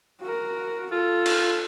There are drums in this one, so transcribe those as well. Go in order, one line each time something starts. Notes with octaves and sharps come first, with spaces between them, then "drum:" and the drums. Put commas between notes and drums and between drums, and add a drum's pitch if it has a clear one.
F#4 A#4
F4 A4
drum: cymbal